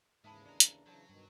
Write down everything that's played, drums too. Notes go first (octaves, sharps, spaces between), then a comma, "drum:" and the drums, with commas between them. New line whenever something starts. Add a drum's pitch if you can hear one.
D#2 G#2 C#3 E3 G#3 E5 A5 B5
D4 A#5
drum: hi-hat
C#3 E3 F#3 C5 C#5 A5
G2 B2 D#3